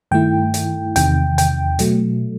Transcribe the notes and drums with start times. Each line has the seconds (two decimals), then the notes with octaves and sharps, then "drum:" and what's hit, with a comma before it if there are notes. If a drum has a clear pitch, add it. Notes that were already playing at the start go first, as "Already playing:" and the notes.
0.11 G2 D#3 A3 E4 G5
0.54 drum: hi-hat
0.96 E2 C3 D#3 G5, drum: hi-hat
1.38 G5, drum: hi-hat
1.79 B2 F#3 A3, drum: hi-hat